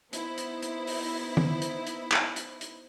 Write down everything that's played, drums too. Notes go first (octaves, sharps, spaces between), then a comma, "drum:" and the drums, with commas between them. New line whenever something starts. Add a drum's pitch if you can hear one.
B3 D#4 E4 C5, drum: hi-hat
drum: hi-hat
drum: hi-hat
drum: open hi-hat
drum: tom
drum: hi-hat
drum: hi-hat
drum: clap
drum: hi-hat
drum: hi-hat